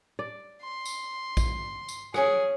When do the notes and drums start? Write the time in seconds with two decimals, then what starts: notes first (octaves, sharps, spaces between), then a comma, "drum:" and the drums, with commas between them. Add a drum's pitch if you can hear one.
0.19 D5
0.63 C6
0.85 drum: tambourine
1.37 drum: kick A#1, tambourine
1.88 drum: tambourine
2.14 C#4 G#4 F#5, drum: rim click